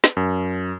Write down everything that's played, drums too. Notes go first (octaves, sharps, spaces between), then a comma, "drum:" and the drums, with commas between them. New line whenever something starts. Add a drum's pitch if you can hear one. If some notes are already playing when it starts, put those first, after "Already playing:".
drum: snare
F#2